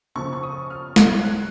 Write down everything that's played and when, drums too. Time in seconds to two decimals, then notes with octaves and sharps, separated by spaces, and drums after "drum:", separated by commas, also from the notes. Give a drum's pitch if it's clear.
0.15 C#3 F3 C#6
0.33 C#6
0.43 D#6
0.70 F6
0.96 G#6, drum: snare
1.23 F#6